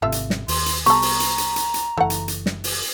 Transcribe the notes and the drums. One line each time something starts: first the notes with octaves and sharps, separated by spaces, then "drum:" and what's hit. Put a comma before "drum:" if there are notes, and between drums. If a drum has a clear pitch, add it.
G#1 C3 A3 F4 E5
drum: hi-hat
drum: snare
D#2 C6, drum: open hi-hat
drum: hi-hat
C2 B3 G4 A4 A#5 C#6, drum: hi-hat
drum: open hi-hat
drum: hi-hat
drum: hi-hat
drum: hi-hat
drum: hi-hat
F#1 E3 A3 F#5
drum: hi-hat
drum: hi-hat
drum: snare
drum: open hi-hat